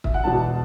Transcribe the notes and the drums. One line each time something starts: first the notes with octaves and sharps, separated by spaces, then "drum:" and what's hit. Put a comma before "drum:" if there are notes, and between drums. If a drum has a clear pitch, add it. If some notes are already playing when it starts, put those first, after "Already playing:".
E5, drum: kick
F#5
E1 E2 B2 A5